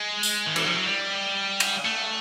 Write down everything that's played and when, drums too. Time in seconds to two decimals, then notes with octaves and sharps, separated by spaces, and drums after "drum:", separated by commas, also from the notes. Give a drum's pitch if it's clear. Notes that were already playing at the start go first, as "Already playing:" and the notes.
Already playing: G#3
0.23 drum: tambourine
0.46 D#3
0.56 E3, drum: cymbal
0.66 F3
0.77 F#3
0.86 G3
1.60 drum: cymbal
1.85 A3